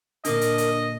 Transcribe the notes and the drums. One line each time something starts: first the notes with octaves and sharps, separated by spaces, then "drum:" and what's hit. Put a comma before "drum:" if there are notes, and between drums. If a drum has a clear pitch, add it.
A#2 D3 D4 A#4 D#5 D6, drum: hi-hat
drum: hi-hat
drum: hi-hat